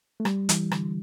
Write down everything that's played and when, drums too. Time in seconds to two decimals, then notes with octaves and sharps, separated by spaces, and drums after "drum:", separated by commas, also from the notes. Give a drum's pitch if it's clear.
0.20 A3
0.25 G3, drum: rim click
0.49 E3, drum: hi-hat
0.71 D3, drum: rim click